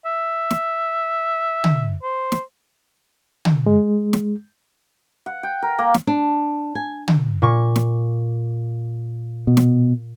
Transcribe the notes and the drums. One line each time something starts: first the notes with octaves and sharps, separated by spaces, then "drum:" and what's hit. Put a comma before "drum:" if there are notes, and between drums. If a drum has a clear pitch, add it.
E5
drum: snare
drum: tom
C5
drum: snare
drum: tom
G#3
drum: snare
F#5
G5
A#4
A#3
drum: snare
D4
G#5
drum: tom
A#2 C#6
drum: snare
B2
drum: snare